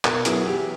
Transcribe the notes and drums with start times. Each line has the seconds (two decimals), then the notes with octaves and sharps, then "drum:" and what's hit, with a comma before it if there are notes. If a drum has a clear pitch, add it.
0.05 B2 A#4, drum: clap
0.25 F#3 B3 E4 G#4, drum: hi-hat
0.45 E3 G4